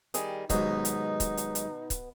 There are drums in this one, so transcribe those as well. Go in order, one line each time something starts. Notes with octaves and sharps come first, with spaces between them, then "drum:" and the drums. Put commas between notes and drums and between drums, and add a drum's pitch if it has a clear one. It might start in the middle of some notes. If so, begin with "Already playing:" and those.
D#3 G3 G#4, drum: hi-hat
D#2 G#2 B2 F#3 B3 D#4, drum: kick C#1, hi-hat
drum: hi-hat
drum: kick C#1, hi-hat
drum: hi-hat
drum: hi-hat
drum: kick C#1, hi-hat